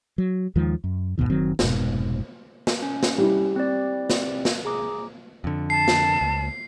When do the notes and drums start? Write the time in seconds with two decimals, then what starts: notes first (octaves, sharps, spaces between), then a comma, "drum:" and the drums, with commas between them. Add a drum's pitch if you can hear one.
0.18 F#3
0.55 D#2 D#3 F3 G#3
0.84 F#2
1.18 D2 G#2 B2 D#3
1.30 F#1 D#3 F#3 C4
1.59 F1 G#2 B2, drum: snare
2.67 drum: snare
2.82 C#4
3.03 drum: snare
3.18 G3 E4
3.56 C4 G4 D5
4.10 drum: snare
4.45 drum: snare
4.65 G#4 A#5 D6
5.44 F2 D3
5.70 A5 C7
5.88 drum: snare
6.21 C#2